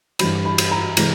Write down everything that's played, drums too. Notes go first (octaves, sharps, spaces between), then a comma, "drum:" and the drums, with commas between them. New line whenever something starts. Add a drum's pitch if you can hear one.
G2 E3 G3 B5, drum: cymbal
B5
drum: cymbal
A#5
C3 E3 G#3, drum: cymbal